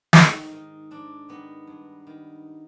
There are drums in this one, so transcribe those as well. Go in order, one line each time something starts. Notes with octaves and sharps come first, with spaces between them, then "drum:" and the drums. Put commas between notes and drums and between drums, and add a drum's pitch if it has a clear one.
G#2 D#4, drum: snare
D#3
G#2 D4
D#3 B3
G2
D#3